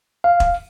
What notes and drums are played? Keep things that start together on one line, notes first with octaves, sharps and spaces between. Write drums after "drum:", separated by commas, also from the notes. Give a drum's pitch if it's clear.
F5
drum: kick E1